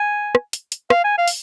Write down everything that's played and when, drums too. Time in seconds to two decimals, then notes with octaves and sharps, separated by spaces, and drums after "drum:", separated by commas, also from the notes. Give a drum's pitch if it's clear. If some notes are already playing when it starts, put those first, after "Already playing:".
Already playing: G#5
0.35 drum: rim click
0.53 drum: hi-hat
0.72 drum: hi-hat
0.90 F5, drum: rim click
1.04 G#5
1.18 F5
1.28 drum: open hi-hat